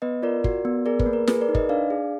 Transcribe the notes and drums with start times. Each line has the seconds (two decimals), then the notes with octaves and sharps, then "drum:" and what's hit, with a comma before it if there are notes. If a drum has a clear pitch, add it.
0.02 B3 B4 D#5
0.23 F4 A#4 D5
0.44 F#4, drum: kick
0.65 B3
0.86 G#4 A#4 D5
0.99 B4, drum: kick
1.06 A#3
1.13 A#4
1.27 G#4 B4, drum: snare
1.41 A#4 D5
1.49 D#4
1.55 B4 D#5, drum: kick
1.69 D4 D5 F5
1.90 G#4